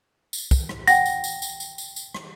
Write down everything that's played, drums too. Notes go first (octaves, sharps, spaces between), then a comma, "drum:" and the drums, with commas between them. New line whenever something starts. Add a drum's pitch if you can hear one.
drum: tambourine
drum: kick, tambourine
drum: rim click
F#5 G5 A#6, drum: tambourine
drum: tambourine
drum: tambourine
drum: tambourine
drum: tambourine
drum: tambourine
drum: tambourine
drum: rim click